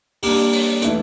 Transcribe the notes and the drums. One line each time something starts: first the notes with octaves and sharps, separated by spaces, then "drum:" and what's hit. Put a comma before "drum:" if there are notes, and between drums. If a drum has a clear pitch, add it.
G3 A#3 D4 G4, drum: open hi-hat
drum: open hi-hat
E3 A3 D4, drum: hi-hat